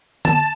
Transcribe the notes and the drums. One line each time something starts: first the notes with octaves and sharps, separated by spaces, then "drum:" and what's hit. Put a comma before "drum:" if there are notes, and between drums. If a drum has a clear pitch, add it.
A5, drum: tom D3